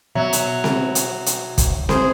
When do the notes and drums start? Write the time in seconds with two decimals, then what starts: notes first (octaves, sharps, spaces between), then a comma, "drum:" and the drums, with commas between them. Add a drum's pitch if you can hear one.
0.15 B2 F#3 E5
0.33 drum: hi-hat
0.64 drum: snare C4
0.95 drum: hi-hat
1.26 drum: hi-hat
1.58 drum: kick, hi-hat
1.89 G#4 C5, drum: snare C4